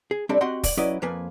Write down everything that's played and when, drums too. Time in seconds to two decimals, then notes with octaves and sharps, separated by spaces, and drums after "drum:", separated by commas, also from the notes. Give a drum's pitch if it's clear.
0.11 G#4
0.29 G3 C4 D4 A4 D5 E5
0.41 C4 F#4 G4 D#5 F#5 C6
0.63 D5, drum: kick, open hi-hat
0.77 F#3 C#4 E4 B4 D5 D#5
1.02 F2 F3 A#3 B4 G#5